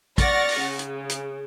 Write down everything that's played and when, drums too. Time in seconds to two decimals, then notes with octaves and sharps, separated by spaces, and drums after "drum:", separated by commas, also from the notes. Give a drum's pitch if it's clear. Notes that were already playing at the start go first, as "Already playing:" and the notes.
0.18 D5 F#5 C#6 F6 A6 A#6, drum: kick, hi-hat
0.49 drum: open hi-hat
0.61 C#3
0.79 drum: hi-hat
1.09 drum: hi-hat